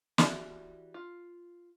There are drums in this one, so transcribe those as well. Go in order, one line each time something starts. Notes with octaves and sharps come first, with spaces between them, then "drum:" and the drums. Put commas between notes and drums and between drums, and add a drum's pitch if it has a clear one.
E3 G3 F#4 D5 E5, drum: snare
F4